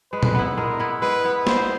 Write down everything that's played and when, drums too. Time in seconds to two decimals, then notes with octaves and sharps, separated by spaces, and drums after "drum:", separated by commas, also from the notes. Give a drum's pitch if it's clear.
0.12 G#3 B4
0.23 drum: tom A#2
0.35 B3 E4
0.57 G#3 A#4
0.80 B3 E4
1.02 G#3 B4
1.24 B3 E4
1.47 G#3 C5, drum: snare